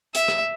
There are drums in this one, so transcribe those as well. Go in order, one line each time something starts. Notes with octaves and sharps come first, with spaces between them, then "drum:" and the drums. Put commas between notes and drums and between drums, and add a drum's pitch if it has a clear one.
E5, drum: hi-hat
drum: rim click